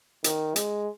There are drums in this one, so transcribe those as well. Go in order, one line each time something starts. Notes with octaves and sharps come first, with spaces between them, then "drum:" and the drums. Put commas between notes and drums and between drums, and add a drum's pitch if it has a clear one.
D#3, drum: hi-hat
G#3, drum: hi-hat